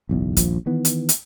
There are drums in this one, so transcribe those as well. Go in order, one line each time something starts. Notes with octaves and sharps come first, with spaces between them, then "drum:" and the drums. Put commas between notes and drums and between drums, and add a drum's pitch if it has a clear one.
F#1 B1 E2
D#1 A#1 F3, drum: kick, hi-hat
D#3 E3 B3
drum: hi-hat
drum: hi-hat